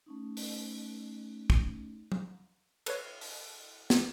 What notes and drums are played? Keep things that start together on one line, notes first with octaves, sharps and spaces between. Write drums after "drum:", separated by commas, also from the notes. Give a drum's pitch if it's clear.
A3 C#4 D#4
drum: open hi-hat
drum: kick
drum: tom
A4 B4 C#5, drum: cymbal
drum: open hi-hat
drum: snare